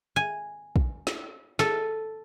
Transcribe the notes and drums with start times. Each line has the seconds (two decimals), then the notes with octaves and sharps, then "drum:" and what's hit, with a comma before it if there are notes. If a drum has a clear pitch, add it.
0.16 G#5
0.76 drum: kick
1.07 drum: snare
1.59 A4, drum: snare